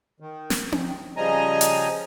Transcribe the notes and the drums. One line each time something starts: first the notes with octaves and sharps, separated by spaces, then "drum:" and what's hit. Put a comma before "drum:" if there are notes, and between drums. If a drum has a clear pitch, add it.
D#3
drum: snare
drum: tom C4
C#3 F3 G3 D#5 G#5 A#5
drum: hi-hat